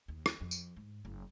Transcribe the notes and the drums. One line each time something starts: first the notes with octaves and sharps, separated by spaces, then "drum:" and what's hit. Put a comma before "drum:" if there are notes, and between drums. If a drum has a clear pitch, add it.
D#2
drum: rim click
F2
drum: tambourine
G#2
F#1